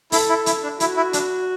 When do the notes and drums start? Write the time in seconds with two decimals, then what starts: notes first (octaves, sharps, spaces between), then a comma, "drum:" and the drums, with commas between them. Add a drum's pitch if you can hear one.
0.12 E4 A4, drum: open hi-hat
0.29 E4
0.46 E4, drum: hi-hat
0.63 D4
0.80 E4 F#4, drum: hi-hat
0.97 E4
1.13 D4, drum: hi-hat